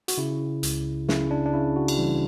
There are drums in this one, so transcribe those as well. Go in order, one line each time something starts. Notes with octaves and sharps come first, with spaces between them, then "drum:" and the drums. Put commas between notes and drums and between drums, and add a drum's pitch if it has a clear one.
F#4, drum: hi-hat
C#3 E4
C#2, drum: hi-hat
C#3 E4, drum: snare
D4
D4
C#3 E4
F#4
drum: cymbal
E3 G3